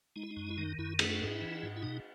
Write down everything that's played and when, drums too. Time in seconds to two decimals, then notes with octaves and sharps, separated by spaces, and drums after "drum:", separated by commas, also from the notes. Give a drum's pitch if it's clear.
0.16 G#3 D#4
0.23 E4
0.31 D#4
0.37 F#2
0.50 E4
0.58 D#3 D#4
0.78 F#2 E4
0.99 A3 A4, drum: cymbal
1.10 A4
1.21 G#2 A4
1.31 E4
1.41 E3
1.63 G#2
1.77 E4
1.83 B2 D#4